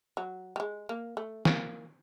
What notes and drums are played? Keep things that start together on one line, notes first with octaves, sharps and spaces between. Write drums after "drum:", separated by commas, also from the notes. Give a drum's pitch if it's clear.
F#3
G3
G#3
A#3
A3
A#3, drum: snare